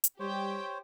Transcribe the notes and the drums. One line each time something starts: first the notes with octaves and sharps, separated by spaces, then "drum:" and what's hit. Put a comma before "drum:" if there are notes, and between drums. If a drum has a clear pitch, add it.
drum: hi-hat
G3 G4 C5 C#5 G5